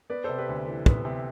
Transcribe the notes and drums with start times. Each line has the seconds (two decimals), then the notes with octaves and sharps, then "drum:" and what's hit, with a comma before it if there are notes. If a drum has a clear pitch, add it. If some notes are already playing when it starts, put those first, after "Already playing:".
0.10 B3 B4 D5
0.24 C3 A4 C5
0.38 G4 B4
0.49 D2
0.68 E3
0.86 B3, drum: kick
1.05 C3